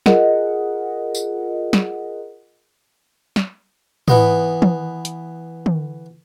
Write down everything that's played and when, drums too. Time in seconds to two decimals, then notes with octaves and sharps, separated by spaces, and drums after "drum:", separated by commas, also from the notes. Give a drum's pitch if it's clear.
0.06 F4 G#4 A#4 D#5 F#5, drum: snare
1.15 drum: tambourine
1.73 drum: snare
3.36 drum: snare
4.08 E3 B3 D#5, drum: tom
4.62 drum: tom
5.05 drum: hi-hat
5.66 drum: tom